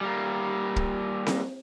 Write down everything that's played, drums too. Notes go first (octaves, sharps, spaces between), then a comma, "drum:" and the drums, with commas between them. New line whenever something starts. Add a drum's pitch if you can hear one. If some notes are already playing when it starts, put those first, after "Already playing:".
G3 A#3
drum: kick
drum: snare C4